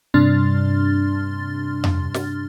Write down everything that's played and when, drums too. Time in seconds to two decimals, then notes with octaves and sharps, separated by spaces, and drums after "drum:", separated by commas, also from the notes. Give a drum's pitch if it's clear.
0.14 G2 C3 D4 C6 F6 A6
1.84 drum: tom F2
2.14 drum: snare